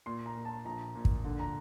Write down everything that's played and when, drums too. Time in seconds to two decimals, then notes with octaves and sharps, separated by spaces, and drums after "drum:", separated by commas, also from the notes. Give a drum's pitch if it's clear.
0.06 A#2 C6
0.26 A#5
0.36 A#2
0.45 A5
0.65 A#1 A#5
0.95 A#2
1.05 drum: kick
1.25 D3
1.39 A#5